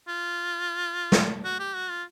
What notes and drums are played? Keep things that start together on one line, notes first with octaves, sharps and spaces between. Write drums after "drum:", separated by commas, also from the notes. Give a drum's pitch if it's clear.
F4
drum: snare
F#4
G4
F#4
F4